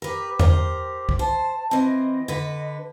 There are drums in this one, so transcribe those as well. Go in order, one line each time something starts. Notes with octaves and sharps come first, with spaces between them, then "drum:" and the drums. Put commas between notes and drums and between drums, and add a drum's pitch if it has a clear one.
G4 A#4 B4
A#4 C5, drum: tom E2
drum: kick B1
C5 A5
E3 C4 D#5
D3 B4